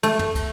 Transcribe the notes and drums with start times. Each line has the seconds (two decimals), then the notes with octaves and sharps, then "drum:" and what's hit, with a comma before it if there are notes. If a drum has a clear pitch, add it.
0.03 A3, drum: cymbal
0.19 drum: tom
0.35 drum: kick, cymbal